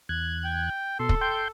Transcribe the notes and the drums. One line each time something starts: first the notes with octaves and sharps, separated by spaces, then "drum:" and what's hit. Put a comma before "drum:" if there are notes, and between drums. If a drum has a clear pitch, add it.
E2 F#6 G#6
G5
B2 A4 C6
drum: kick
G5 C6 G6